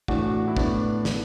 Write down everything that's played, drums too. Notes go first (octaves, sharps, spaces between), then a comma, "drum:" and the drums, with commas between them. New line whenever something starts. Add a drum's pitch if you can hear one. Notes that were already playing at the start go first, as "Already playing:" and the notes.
A2 E3 D4 F#4, drum: kick
E4
A2 B3 D4, drum: kick
drum: snare